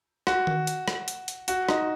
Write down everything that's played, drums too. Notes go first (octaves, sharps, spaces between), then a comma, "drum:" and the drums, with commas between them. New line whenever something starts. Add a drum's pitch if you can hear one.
F#4, drum: rim click
drum: tom D#3
drum: hi-hat
drum: rim click
drum: hi-hat
drum: hi-hat
F#4, drum: hi-hat
D#4, drum: rim click